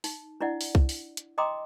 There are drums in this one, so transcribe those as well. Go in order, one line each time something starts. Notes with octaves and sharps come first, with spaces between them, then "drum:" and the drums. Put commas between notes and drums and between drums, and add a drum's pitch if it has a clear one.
D#4, drum: open hi-hat
D4 E4 D5 F#5
drum: open hi-hat
drum: kick C2
drum: open hi-hat
drum: hi-hat
D#5 G5 A#5 C6 D6 D#6